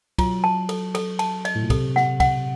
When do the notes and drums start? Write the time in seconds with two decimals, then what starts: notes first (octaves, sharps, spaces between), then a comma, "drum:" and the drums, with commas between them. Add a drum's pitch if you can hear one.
0.18 F#3 F4, drum: kick, cymbal
0.44 A5
0.69 A4, drum: cymbal
0.95 A4, drum: cymbal
1.19 A5, drum: cymbal
1.45 D#5, drum: cymbal
1.55 A2
1.63 A#2
1.70 C3 A4, drum: kick, cymbal
1.96 F#5, drum: snare
2.20 F#5, drum: kick, cymbal